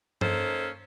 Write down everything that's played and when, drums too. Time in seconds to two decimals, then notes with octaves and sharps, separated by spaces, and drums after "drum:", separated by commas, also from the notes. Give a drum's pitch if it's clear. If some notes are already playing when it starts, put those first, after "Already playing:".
0.21 A#3 C#4 D#4 A4 C5, drum: tom G2